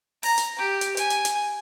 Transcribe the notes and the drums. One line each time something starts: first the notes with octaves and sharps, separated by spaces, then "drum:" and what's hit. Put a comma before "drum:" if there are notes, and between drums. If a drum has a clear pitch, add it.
A#5, drum: open hi-hat
drum: hi-hat
G4
drum: hi-hat
G#5, drum: hi-hat
drum: hi-hat
drum: hi-hat